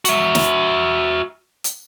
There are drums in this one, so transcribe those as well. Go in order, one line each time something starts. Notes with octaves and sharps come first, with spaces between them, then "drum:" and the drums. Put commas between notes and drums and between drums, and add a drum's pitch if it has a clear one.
F#4 E5, drum: hi-hat
drum: snare
drum: hi-hat